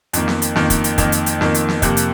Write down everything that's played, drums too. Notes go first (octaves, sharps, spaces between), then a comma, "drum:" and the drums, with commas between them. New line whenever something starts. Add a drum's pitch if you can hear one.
F2 D#3 A#3, drum: hi-hat
drum: snare
drum: hi-hat
F2 D#3 A#3, drum: snare
drum: kick, hi-hat
drum: hi-hat
F2 D#3 A#3, drum: kick, hi-hat
drum: hi-hat
drum: hi-hat
F2 D#3 A#3, drum: snare
drum: hi-hat
drum: snare
F2 C3 F3 A#3, drum: kick, hi-hat
drum: hi-hat